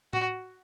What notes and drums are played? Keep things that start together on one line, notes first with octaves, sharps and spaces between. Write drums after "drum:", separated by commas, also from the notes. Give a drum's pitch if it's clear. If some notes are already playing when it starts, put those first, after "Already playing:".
F#4, drum: tom A2